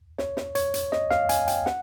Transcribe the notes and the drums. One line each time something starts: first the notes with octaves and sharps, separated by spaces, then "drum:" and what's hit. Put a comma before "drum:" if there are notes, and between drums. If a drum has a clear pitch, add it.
C#5, drum: snare
drum: snare
C#5, drum: hi-hat
drum: hi-hat
D#5, drum: snare
F5, drum: snare
G#5, drum: hi-hat
G5, drum: hi-hat
F#5, drum: snare